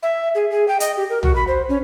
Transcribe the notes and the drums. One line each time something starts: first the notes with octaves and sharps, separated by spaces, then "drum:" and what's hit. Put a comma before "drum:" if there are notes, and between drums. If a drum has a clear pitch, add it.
E5
G#4
G#4
G5
D#5, drum: hi-hat
G4
A#4
F#4, drum: tom
B5
C5
C#4